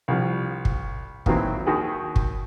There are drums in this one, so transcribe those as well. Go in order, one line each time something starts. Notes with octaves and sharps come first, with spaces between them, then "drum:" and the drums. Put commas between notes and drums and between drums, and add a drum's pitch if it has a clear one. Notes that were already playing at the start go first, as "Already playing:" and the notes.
C2 F3
drum: kick
A#2 D#3 E3 F#3 C4 E4, drum: kick
D#2 D#3 F#4 G#4
drum: kick